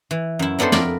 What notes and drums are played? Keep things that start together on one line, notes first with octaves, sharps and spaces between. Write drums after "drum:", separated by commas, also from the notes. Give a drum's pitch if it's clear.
E3
F#2 E4
F#3 B3 D4 A4 C5
F2 A#4 D5 B5, drum: snare